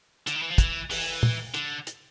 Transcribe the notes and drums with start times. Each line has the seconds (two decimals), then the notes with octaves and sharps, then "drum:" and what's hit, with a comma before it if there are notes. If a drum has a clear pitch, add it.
0.27 D3, drum: hi-hat
0.35 D#3
0.42 E3
0.51 F3
0.58 E3, drum: kick, hi-hat
0.91 E3, drum: open hi-hat
1.23 drum: tom
1.54 D3, drum: hi-hat
1.87 drum: hi-hat